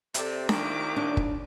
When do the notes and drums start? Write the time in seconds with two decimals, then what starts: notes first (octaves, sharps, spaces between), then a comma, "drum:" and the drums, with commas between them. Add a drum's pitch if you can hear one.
0.14 C3 A4 D5, drum: hi-hat
0.49 C2 A#2 D#3 D6, drum: snare D4
0.96 D4
1.17 drum: kick